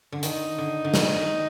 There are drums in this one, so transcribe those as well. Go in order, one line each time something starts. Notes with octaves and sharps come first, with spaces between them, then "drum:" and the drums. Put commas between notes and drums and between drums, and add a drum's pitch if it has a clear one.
D3
D#3 D#4, drum: hi-hat
D3
D3
D#3, drum: snare